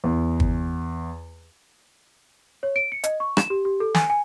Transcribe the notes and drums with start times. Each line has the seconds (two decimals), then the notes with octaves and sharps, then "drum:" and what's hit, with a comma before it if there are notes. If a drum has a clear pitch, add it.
0.04 E2
0.40 drum: kick
2.63 C#5
2.76 D7
2.92 C#7
3.04 D#5, drum: hi-hat
3.20 C#6
3.37 E7, drum: rim click
3.50 G4
3.65 G4
3.80 A4
3.95 G#5, drum: snare
4.10 G#5